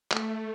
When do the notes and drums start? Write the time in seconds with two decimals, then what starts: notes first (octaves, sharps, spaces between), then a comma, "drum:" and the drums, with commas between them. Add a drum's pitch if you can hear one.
0.11 A3, drum: clap